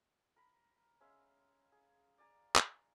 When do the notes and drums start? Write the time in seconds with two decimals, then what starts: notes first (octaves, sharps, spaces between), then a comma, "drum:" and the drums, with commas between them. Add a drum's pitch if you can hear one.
0.36 A#4 B5
1.00 G#3 C#4 E5 F5
1.72 G#4
2.18 D5 F5 G#5 A#5
2.56 drum: clap